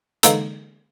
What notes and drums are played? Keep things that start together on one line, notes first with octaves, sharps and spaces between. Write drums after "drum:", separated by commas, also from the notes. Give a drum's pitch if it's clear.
D3 E3 G#3 A#3 D#4 A4, drum: hi-hat